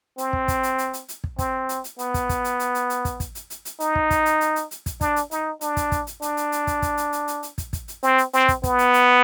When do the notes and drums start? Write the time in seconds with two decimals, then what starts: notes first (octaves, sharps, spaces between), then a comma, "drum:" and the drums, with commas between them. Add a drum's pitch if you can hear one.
0.18 C4, drum: hi-hat
0.33 drum: kick
0.48 drum: kick, hi-hat
0.63 drum: hi-hat
0.78 drum: hi-hat
0.93 drum: hi-hat
1.09 drum: hi-hat
1.24 drum: kick
1.39 C4, drum: kick, hi-hat
1.69 drum: hi-hat
1.84 drum: hi-hat
1.99 B3, drum: hi-hat
2.14 drum: kick, hi-hat
2.29 drum: kick, hi-hat
2.44 drum: hi-hat
2.60 drum: hi-hat
2.75 drum: hi-hat
2.90 drum: hi-hat
3.05 drum: kick, hi-hat
3.20 drum: kick, hi-hat
3.35 drum: hi-hat
3.50 drum: hi-hat
3.65 drum: hi-hat
3.80 D#4, drum: hi-hat
3.95 drum: kick
4.11 drum: kick, hi-hat
4.26 drum: hi-hat
4.41 drum: hi-hat
4.56 drum: hi-hat
4.71 drum: hi-hat
4.86 drum: kick, hi-hat
5.01 D4, drum: kick, hi-hat
5.16 drum: hi-hat
5.31 D#4, drum: hi-hat
5.61 D4, drum: hi-hat
5.77 drum: kick, hi-hat
5.92 drum: kick, hi-hat
6.07 drum: hi-hat
6.22 D4, drum: hi-hat
6.37 drum: hi-hat
6.52 drum: hi-hat
6.67 drum: kick, hi-hat
6.82 drum: kick, hi-hat
6.97 drum: hi-hat
7.13 drum: hi-hat
7.28 drum: hi-hat
7.43 drum: hi-hat
7.58 drum: kick, hi-hat
7.73 drum: kick, hi-hat
7.88 drum: hi-hat
8.03 C4, drum: hi-hat
8.18 drum: hi-hat
8.33 C4, drum: hi-hat
8.48 drum: kick, hi-hat
8.63 B3, drum: kick, hi-hat
8.79 drum: hi-hat
8.94 drum: hi-hat